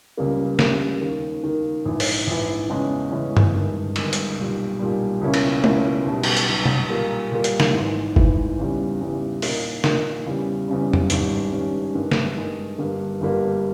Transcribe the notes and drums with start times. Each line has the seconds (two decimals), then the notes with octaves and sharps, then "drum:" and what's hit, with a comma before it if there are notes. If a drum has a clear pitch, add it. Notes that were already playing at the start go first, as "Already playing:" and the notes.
0.17 C#2 C#3 G3 A#3
0.59 C#2 C#3 G3 A#3, drum: snare
1.01 D#2 D#3 A#3
1.43 D#2 D#3 A#3
1.86 A#1 G#2 E3
2.00 drum: open hi-hat
2.27 A#1 G#2 E3
2.69 E2 C#3 E3 G#3 C#4
3.11 E2 C#3 E3 G#3 C#4
3.37 drum: tom G2
3.53 G1 G2 D#3 G#3
3.96 G1 G2 D#3 G#3, drum: cymbal
4.13 drum: hi-hat
4.37 B1 A#2 G3
4.79 B1 A#2 G3
5.21 C#2 B2 A#3 C#4 E4
5.34 drum: cymbal
5.64 C#2 B2 A#3 C#4 E4, drum: tom
6.06 B1 B2 G3
6.23 drum: cymbal
6.37 drum: hi-hat
6.48 B1 B2 G3
6.65 drum: tom B2
6.90 A#2 G3 A#3
7.32 A#2 G3 A#3
7.44 drum: hi-hat
7.60 drum: snare
7.73 G#1 G#2 E3
8.16 G#1 G#2 E3, drum: kick G1
8.59 E2 C#3 G3
9.00 E2 C#3 G3
9.42 A#2 A#3 D#4 A#4, drum: open hi-hat
9.84 A#2 A#3 D#4 A#4, drum: snare
10.26 E2 C#3 G3
10.68 E2 C#3 G3
10.93 drum: tom E2
11.10 G#1 G2 G3 C#4, drum: hi-hat
11.52 G#1 G2 G3 C#4
11.95 G2 D#3 G#3
12.11 drum: snare
12.36 G2 D#3 G#3
12.78 G1 G2 G3 A#3
13.21 G1 G2 G3 A#3